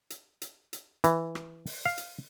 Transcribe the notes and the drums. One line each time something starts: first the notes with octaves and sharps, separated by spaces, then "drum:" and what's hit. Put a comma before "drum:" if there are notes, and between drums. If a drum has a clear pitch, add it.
drum: hi-hat
drum: hi-hat
drum: hi-hat
E3, drum: hi-hat
drum: rim click
drum: open hi-hat
F5
drum: hi-hat